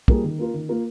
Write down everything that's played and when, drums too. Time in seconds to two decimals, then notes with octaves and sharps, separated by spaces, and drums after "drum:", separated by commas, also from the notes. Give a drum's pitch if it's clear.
0.08 G3 A#3 F4 G#4, drum: kick
0.24 D#3
0.38 A#3 F4 A#4
0.54 D#3
0.69 A#3 F4 A#4